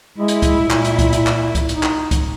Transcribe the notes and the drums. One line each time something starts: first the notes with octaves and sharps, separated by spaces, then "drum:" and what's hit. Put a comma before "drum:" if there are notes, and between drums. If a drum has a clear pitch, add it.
G#3 E4
drum: hi-hat
drum: kick C#2, hi-hat
A#2
drum: clap
drum: hi-hat
drum: kick C#2, hi-hat
drum: hi-hat
drum: clap
drum: kick C#2, hi-hat
D#4, drum: hi-hat
drum: clap
drum: kick C#2, hi-hat